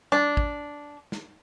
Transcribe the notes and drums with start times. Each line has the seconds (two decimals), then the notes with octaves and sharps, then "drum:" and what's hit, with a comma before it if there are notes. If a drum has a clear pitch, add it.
0.12 D4, drum: tom G3
0.37 drum: kick
1.12 drum: snare